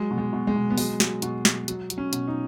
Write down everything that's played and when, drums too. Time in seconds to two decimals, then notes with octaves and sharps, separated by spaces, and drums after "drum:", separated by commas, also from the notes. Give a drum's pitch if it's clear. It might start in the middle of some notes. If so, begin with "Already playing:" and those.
Already playing: F#3 G#3
0.10 B2
0.18 G#3
0.33 B2
0.47 G#3
0.56 B2
0.70 B3
0.78 F#3 G#3, drum: open hi-hat
1.00 F#3, drum: snare
1.22 B2, drum: hi-hat
1.45 F#3, drum: snare
1.68 F#3, drum: hi-hat
1.90 F#3, drum: hi-hat
1.98 C#4
2.13 B2, drum: hi-hat
2.28 D#4